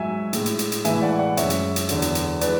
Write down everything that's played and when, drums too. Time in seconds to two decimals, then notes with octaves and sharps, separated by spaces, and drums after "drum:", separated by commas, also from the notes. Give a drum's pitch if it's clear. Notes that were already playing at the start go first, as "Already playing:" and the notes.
Already playing: G#2 F#3 E5 G#5
0.33 A2 G#3, drum: hi-hat
0.46 drum: hi-hat
0.59 drum: hi-hat
0.72 drum: hi-hat
0.85 A2 E3 G#3 E5 G#5, drum: hi-hat
1.02 D5 F#5
1.19 D5 F#5
1.37 F#2 C#3 G#3 C#5 E5, drum: hi-hat
1.50 drum: hi-hat
1.76 drum: hi-hat
1.89 E2 D3 F#3, drum: hi-hat
2.02 drum: hi-hat
2.15 drum: hi-hat
2.41 E3 G#3 B4 D5, drum: hi-hat